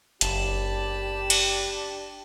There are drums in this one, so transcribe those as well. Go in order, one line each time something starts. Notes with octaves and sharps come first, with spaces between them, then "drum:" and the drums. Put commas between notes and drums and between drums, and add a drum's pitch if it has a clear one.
F#1 D4 G4 A5 B5, drum: hi-hat
drum: cymbal